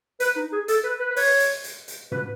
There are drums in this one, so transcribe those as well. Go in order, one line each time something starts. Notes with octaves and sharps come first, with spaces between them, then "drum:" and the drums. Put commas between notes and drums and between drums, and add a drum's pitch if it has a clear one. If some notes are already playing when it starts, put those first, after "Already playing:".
B4, drum: hi-hat
D#4
G#4
A4, drum: hi-hat
B4
B4
B4
C#5, drum: open hi-hat
drum: hi-hat
drum: hi-hat
drum: hi-hat
B4, drum: tom